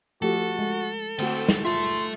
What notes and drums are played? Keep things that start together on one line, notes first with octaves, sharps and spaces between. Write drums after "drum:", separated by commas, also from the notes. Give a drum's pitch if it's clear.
F3 A3 F#4 G4 A4
G#3
D3 A3 C4 F#4, drum: cymbal
drum: snare
F4 A4 E5 C6